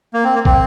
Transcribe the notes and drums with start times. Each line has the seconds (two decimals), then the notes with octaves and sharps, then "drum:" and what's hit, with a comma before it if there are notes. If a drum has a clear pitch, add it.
0.14 A#3
0.24 C4
0.35 A#3
0.45 C4, drum: kick